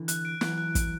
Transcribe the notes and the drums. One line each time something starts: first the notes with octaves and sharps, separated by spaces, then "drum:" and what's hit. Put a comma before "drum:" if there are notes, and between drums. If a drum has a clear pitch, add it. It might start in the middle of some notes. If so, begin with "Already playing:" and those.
Already playing: D3 E3
F#6, drum: hi-hat
D7
E3 F#3 F#6, drum: snare
F#6
D7, drum: kick, hi-hat